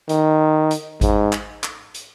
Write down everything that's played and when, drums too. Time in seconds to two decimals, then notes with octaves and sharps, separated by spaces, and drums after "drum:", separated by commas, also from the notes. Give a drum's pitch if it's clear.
0.09 D#3, drum: hi-hat
0.71 drum: hi-hat
1.01 G#2, drum: kick G#1, hi-hat
1.33 drum: clap
1.63 drum: clap
1.94 drum: hi-hat